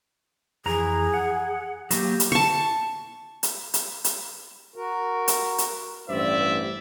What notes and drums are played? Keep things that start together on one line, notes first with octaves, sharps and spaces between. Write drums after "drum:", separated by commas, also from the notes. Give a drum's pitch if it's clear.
F2 E3 G#4 A#5
F#5
F#3 A#3 G4, drum: hi-hat
drum: hi-hat
A5 C#6
drum: hi-hat
drum: hi-hat
drum: hi-hat
F#4 A#4
drum: hi-hat
drum: hi-hat
A1 G2 E4 C5 D5 E5